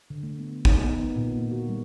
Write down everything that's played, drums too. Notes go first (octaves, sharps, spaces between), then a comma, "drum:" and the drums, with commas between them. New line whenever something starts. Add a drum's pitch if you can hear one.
D3
A3
B3
D#4, drum: kick
B3
D#3
A#2
A#3
F#4
G3